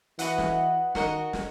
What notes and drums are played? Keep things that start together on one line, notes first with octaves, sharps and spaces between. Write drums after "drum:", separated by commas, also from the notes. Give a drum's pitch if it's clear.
E3 F#4 B4 D#5 F#5, drum: hi-hat
drum: snare
D#3 F#4 A#4 D#5 F#5, drum: snare
drum: snare